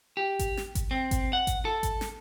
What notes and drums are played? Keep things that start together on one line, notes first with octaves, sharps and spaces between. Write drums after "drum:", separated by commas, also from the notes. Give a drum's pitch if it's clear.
G4
drum: kick G#1, hi-hat
drum: snare
drum: kick G#1, hi-hat
C4
drum: kick G#1, hi-hat
F#5
drum: kick G#1, hi-hat
A4
drum: kick G#1, hi-hat
drum: snare